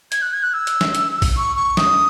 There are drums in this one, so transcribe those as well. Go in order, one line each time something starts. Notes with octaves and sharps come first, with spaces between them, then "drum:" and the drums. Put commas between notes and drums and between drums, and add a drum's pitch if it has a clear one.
G#6, drum: hi-hat
F#6
G#6
F#6
E6
drum: hi-hat
drum: snare
drum: hi-hat
drum: kick A#1, open hi-hat
C#6
C#6
D#6, drum: snare